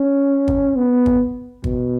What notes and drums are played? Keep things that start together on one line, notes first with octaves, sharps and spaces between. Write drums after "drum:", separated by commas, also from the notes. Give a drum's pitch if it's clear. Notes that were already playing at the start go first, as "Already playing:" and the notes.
Already playing: C#4
drum: kick
B3
drum: kick
B2, drum: kick